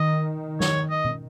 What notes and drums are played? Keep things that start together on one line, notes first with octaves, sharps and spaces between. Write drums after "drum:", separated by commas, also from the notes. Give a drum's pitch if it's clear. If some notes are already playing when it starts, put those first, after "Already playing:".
Already playing: D#3 D#5
C#5, drum: snare
D#5
drum: tom B2